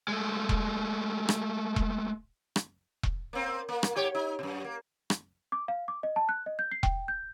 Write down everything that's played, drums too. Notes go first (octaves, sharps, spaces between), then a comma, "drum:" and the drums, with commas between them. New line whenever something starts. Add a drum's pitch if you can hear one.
G#3 A3
drum: kick E1
drum: rim click
drum: kick E1
drum: rim click
drum: kick E1
A#3 C4
A#3
drum: rim click
G#2 G4 C#5
D#4
F#2 B2
A#3
drum: rim click
D6
F5
D6
D#5
A5
F#6
D#5
G6
C7
G5, drum: kick E1
G6